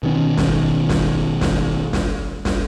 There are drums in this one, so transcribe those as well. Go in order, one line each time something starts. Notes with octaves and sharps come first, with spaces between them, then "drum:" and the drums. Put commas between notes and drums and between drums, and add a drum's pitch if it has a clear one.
B2 D#3 C#4
drum: snare
drum: snare
drum: snare
drum: snare
drum: snare